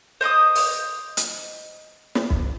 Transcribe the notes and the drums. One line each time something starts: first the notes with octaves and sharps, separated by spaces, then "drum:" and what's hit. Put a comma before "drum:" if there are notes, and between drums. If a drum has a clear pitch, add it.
C5 D#5 D6 D#6
drum: open hi-hat
drum: hi-hat
drum: snare
drum: kick